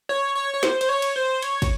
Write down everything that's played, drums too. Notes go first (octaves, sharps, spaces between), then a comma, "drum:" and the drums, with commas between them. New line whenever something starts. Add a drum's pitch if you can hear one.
C#5
C#5
C#5
C5, drum: snare
C5, drum: cymbal
C#5
drum: cymbal
C5
C#5, drum: cymbal
drum: kick, cymbal